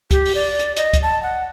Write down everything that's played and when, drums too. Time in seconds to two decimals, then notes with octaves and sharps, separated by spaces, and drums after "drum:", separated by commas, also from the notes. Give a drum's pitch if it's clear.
0.11 G4, drum: kick, hi-hat
0.26 drum: open hi-hat
0.35 D5
0.60 drum: hi-hat
0.76 D#5, drum: hi-hat
0.93 drum: kick, hi-hat
1.03 A5
1.23 F#5